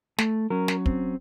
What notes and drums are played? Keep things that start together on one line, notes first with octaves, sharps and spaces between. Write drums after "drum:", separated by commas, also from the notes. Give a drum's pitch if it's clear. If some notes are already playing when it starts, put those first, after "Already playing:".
A3, drum: snare
F#3 C#4 A#4
drum: snare
C4, drum: kick